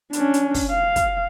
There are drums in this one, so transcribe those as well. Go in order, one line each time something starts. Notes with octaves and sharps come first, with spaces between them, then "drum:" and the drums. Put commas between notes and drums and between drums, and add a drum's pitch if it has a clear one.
C#4 D4, drum: hi-hat
drum: hi-hat
drum: kick, open hi-hat
F5
drum: kick, hi-hat